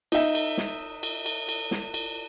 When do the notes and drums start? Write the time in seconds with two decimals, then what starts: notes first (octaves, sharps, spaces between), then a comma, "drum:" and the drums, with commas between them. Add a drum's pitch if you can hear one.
0.12 D#4 E5, drum: cymbal
0.35 drum: cymbal
0.58 drum: snare
1.03 drum: cymbal
1.26 drum: cymbal
1.48 drum: cymbal
1.71 drum: snare
1.94 drum: cymbal